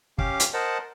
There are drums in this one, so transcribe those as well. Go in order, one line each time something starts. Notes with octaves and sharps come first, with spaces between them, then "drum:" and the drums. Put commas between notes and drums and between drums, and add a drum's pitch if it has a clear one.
C#4 G4 F5 D6, drum: kick
drum: hi-hat
A#4 C5 D#5 F#5 A5